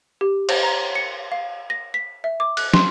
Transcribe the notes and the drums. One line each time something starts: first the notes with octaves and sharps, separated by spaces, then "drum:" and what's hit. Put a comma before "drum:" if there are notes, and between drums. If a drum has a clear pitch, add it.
G4
C5, drum: cymbal
A#5
C#7
F5
A#6
B6
E5
D6
F#6, drum: cymbal
C6, drum: snare